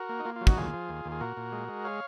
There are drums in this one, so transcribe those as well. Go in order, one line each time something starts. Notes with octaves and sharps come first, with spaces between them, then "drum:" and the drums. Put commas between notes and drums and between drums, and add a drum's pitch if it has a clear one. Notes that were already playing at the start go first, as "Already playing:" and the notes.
Already playing: F#4 A#4
A#3
D#4
A#3 F4
F4
F#3
D#4 F#4, drum: kick
D#2 F4 G#4
F3
D#2
D#2
G#4
A#2 F#4 A#4
A#2
G#3
G#3
C#5 F5